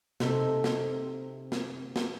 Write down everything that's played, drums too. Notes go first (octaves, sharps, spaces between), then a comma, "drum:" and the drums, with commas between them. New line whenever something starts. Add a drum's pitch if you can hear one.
C3 D#4 A4, drum: snare
drum: snare
drum: snare
drum: snare